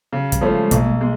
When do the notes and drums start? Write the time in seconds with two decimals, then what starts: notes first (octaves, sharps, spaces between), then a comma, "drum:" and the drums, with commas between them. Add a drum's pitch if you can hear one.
0.13 C#3 F#3
0.32 G3, drum: kick, hi-hat
0.41 F3 A3 C#4
0.52 G#3
0.71 B1 A#3, drum: kick, hi-hat
1.01 G#3